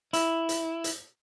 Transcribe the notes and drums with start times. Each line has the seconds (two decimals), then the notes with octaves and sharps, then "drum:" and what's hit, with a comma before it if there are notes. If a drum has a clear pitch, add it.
0.13 E4, drum: hi-hat
0.49 drum: hi-hat
0.84 drum: hi-hat